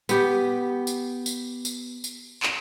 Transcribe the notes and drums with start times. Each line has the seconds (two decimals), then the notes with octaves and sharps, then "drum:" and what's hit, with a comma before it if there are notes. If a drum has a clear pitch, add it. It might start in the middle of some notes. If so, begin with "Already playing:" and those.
0.09 B3 G4, drum: tambourine
0.87 drum: tambourine
1.26 drum: tambourine
1.65 drum: tambourine
2.04 drum: tambourine
2.43 drum: clap